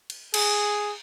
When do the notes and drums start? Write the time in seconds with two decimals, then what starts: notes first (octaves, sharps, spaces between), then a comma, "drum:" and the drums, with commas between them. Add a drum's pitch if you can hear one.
0.10 drum: cymbal
0.34 G#4, drum: cymbal